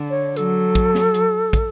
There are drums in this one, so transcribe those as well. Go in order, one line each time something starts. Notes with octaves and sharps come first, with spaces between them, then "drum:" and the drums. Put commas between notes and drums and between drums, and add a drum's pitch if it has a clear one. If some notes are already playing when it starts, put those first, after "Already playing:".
Already playing: D3
C#5
F#3 A4, drum: hi-hat
drum: kick, hi-hat
drum: snare
drum: hi-hat
drum: kick, hi-hat